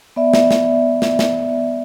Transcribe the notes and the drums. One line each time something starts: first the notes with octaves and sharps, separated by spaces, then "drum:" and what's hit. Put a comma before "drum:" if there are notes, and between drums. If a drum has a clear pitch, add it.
B3 D5 E5
drum: snare
drum: snare
drum: snare
drum: snare